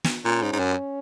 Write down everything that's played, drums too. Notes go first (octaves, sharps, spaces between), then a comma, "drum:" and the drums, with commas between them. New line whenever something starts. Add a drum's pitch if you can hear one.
drum: snare
A#2 C#4
G#2
G#2
F#2